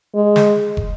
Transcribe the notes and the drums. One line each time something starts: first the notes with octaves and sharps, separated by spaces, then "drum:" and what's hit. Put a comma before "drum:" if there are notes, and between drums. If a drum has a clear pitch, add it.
G#3
drum: snare
drum: kick